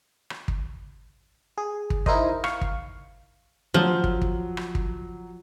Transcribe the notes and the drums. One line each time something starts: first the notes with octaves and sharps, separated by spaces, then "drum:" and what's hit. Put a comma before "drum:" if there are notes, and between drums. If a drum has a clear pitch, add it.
drum: rim click
drum: kick
G#4
drum: kick
D#4 E4 A#4 C5 D#5, drum: kick
F5 C#6, drum: rim click
drum: kick
F3 F#3
drum: kick
drum: kick
drum: rim click
drum: kick